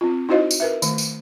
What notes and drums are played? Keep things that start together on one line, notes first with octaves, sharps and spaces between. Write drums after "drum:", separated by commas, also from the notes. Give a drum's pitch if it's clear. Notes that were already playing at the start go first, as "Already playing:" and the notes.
C4 F4
D#4 E4 F#4 C5 D#5 F5
drum: tambourine
A#4 B4 E5
D#3 A3, drum: tambourine
drum: tambourine